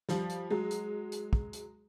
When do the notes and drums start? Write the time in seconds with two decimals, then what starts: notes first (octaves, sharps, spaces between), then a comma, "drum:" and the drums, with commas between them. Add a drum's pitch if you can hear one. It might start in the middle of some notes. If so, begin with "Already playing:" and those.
0.09 F3 G3, drum: snare
0.30 drum: hi-hat
0.50 F#3 G#3
0.71 drum: hi-hat
1.12 drum: hi-hat
1.33 drum: kick
1.53 drum: hi-hat